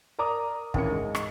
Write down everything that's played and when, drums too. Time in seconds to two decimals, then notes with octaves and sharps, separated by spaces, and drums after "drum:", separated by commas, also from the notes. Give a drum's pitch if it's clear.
0.19 A#4 D5 A#5 D6 D#6
0.74 D#2 E3 A#3 C#4 C#7, drum: kick
0.90 G#2
1.15 drum: rim click